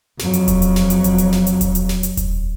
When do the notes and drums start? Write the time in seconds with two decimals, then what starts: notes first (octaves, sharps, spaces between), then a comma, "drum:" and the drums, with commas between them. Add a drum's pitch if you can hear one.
0.19 F2 F#3, drum: snare
0.33 drum: hi-hat
0.48 drum: kick D#1, hi-hat
0.62 drum: hi-hat
0.76 drum: snare
0.90 drum: hi-hat
1.04 drum: kick D#1, hi-hat
1.18 drum: hi-hat
1.32 drum: snare
1.47 drum: hi-hat
1.61 drum: kick D#1, hi-hat
1.75 drum: hi-hat
1.89 drum: snare
2.03 drum: hi-hat
2.17 drum: kick D#1, hi-hat